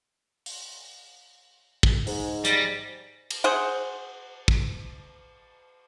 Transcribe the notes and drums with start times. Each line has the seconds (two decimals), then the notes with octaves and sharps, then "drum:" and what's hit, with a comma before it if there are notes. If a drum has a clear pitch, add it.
0.46 drum: open hi-hat
1.83 drum: kick
2.07 G#2, drum: open hi-hat
2.45 G3 A6 A#6, drum: hi-hat
3.30 drum: cymbal
3.44 G#4 C5 F#5
4.48 drum: kick